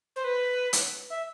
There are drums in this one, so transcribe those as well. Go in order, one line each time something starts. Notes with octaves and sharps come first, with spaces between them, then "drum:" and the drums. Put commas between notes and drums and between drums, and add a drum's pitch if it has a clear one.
C5
B4
drum: hi-hat
E5